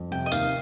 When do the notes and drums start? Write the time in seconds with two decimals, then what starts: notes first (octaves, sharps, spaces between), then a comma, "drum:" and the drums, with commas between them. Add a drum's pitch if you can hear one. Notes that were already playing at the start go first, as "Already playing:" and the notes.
Already playing: F2
0.11 C3 G5
0.26 D#5
0.32 D#2 F5, drum: tambourine